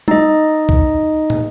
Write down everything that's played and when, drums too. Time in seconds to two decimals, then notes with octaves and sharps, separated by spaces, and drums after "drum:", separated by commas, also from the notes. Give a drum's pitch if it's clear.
0.08 D#4 D#5, drum: tom
0.69 drum: kick
1.30 drum: tom